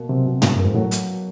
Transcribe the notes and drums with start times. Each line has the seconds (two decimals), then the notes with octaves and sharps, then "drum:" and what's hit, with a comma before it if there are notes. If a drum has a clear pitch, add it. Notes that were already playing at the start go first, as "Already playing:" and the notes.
Already playing: B2 A#3
0.09 C3 F#3
0.26 B2
0.42 B2, drum: tom
0.55 G2 A#3
0.65 G#2
0.75 A2 F#3
0.91 drum: hi-hat